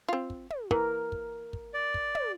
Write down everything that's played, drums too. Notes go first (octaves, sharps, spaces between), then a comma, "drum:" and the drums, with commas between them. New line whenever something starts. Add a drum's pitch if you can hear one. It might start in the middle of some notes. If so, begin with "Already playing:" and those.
C4 F4
drum: kick
drum: tom
E3 A#4, drum: kick
drum: kick
drum: kick
D5
drum: kick
drum: tom